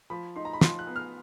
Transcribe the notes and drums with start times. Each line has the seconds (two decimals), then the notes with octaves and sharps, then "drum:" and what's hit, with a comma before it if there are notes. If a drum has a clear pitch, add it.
0.10 F3 B5
0.36 D#4 C6
0.45 A#5
0.53 B5
0.61 F3 C6, drum: snare
0.79 F#6
0.87 B3
0.96 F6